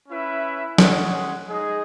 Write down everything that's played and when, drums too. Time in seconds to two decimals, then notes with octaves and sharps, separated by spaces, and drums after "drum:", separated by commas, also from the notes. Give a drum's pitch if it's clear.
0.09 C#4 E4 B4 E5
0.78 G#3 C#4 G#4 C#5 F#5, drum: snare
1.47 G#3 D#4 G#4 D#5